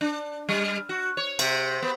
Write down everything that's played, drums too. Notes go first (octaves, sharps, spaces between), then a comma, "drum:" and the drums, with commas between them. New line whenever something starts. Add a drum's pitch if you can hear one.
D4
G3
F#4
C#5
C3, drum: cymbal
B3